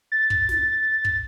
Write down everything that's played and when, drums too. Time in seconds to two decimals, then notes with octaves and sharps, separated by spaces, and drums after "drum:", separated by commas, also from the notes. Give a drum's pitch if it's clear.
0.12 A6
0.30 drum: kick
0.49 drum: snare
1.05 drum: kick